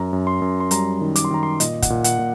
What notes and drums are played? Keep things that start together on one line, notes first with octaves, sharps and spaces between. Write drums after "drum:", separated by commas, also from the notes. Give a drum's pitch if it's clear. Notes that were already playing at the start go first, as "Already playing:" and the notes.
Already playing: F#2 A#5
F#2
C6
F#2
C6
G3 A#5, drum: hi-hat
D#3
D6, drum: hi-hat
C6
D#3 A#5
C6
A#2 D#5, drum: hi-hat
F#5, drum: kick, hi-hat
A#2
F#5, drum: hi-hat
A#2